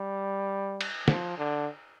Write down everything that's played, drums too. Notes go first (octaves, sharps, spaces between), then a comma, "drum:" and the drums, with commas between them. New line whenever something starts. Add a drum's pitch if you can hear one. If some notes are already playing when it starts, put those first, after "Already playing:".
Already playing: G3
drum: cymbal
F3, drum: snare
D3